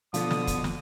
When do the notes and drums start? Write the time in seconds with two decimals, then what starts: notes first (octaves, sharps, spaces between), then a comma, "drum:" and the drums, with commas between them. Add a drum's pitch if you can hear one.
0.14 B2 D3 F3 D#6, drum: hi-hat
0.31 drum: snare
0.47 drum: kick, hi-hat
0.64 drum: snare